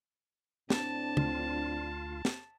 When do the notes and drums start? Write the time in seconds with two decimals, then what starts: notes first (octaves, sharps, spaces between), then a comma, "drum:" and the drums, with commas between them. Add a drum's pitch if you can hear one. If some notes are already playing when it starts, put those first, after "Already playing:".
0.70 A2 C4 D4 A5, drum: snare
1.17 D2 F4, drum: tom
2.25 drum: snare